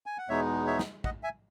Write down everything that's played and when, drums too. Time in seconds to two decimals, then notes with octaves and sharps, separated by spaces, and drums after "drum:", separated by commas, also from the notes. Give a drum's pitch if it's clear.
0.06 G#5
0.18 F#5
0.28 E2 B2 G#3 B3 D#4 C#5 E5
0.66 C#5 E5
0.79 drum: snare
1.04 D#5 F#5, drum: kick
1.23 E5 G#5